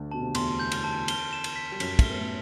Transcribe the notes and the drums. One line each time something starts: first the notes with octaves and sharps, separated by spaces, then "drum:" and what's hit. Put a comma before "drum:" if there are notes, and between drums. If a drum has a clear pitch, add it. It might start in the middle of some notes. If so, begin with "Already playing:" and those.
Already playing: D2 D3
B2 A5
C3
D3
E2 E3 C6, drum: cymbal
G6
drum: cymbal
A5
G7, drum: cymbal
E7
drum: cymbal
B6
G3
F#2 F#3 B6, drum: cymbal
A2 A3, drum: kick, cymbal
B3 G7
A2 A3